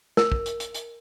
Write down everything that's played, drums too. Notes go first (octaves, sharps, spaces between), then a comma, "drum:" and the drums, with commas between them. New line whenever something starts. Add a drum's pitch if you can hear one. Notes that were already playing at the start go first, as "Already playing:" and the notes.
A#4, drum: snare
drum: kick
drum: hi-hat
drum: hi-hat
drum: hi-hat